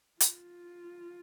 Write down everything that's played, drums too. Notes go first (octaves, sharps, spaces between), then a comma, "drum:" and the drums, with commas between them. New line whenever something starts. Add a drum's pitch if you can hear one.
F4, drum: hi-hat